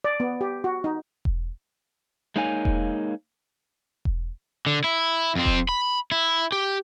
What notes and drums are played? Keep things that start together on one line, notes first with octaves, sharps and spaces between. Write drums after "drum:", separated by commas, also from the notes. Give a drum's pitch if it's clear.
D5
B3
G4
F#4
D#4
drum: kick E1
G#3 A#3 D#4 C#5 F5 G#5
drum: kick E1
drum: kick E1
D3
E4
F2 C4
drum: kick E1
B5
E4
G4